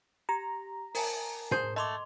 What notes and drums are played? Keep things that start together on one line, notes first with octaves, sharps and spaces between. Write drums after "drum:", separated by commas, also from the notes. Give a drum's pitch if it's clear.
G4 A#5
A#4 G#5 A5, drum: open hi-hat
G#4 C5, drum: tom
A3 D#5 C6 D6